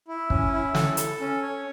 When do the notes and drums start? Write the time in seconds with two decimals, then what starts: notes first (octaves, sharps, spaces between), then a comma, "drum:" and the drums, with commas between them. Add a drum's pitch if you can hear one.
0.08 E4
0.30 C#4, drum: kick
0.53 E4
0.75 A4, drum: snare
0.97 A4, drum: hi-hat
1.20 C#4
1.43 C#5